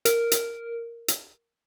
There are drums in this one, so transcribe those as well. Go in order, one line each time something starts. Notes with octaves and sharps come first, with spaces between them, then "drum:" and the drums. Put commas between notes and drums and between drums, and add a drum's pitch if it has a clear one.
A#4, drum: hi-hat
drum: hi-hat
drum: hi-hat